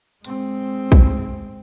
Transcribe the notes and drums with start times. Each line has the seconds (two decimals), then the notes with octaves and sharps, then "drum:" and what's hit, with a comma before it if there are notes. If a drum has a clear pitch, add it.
0.25 G#3 C4, drum: hi-hat
0.92 drum: kick